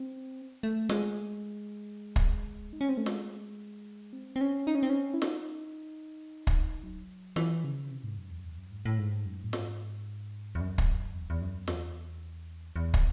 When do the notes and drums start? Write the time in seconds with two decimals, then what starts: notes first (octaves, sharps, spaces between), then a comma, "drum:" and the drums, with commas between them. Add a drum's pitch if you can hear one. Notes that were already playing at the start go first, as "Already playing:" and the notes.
Already playing: C4
0.63 A3
0.89 G#3, drum: snare
2.16 drum: kick
2.73 D#4
2.81 C#4
2.89 C4
2.97 A3
3.06 G#3, drum: snare
4.13 C4
4.36 C4
4.41 C#4
4.67 D#4
4.75 C#4
4.83 C4
4.90 C#4
5.14 E4
5.22 D#4, drum: snare
6.47 drum: kick
6.83 F#3
7.36 E3, drum: snare
7.64 C#3
7.91 C3
8.04 G#2
8.18 F#2
8.30 E2
8.40 F#2
8.44 E2
8.58 F#2
8.71 G#2
8.85 A2
8.98 G#2
9.26 F#2
9.44 A2
9.53 G#2, drum: snare
10.55 E2
10.61 F#2
10.78 drum: kick
11.15 E2
11.30 E2
11.41 F#2
11.68 E2, drum: snare
12.76 E2
12.94 drum: kick